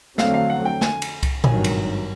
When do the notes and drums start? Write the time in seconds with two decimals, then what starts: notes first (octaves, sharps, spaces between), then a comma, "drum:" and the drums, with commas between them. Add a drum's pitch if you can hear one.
0.18 F2 D3 F#3 A3 C4 F5, drum: snare
0.34 F5
0.50 F#5
0.65 G5
0.81 G#5, drum: snare
1.02 drum: cymbal
1.23 drum: kick C2, cymbal
1.44 G#1 G2 D#3 F#3 G#5, drum: tom A#2
1.64 drum: cymbal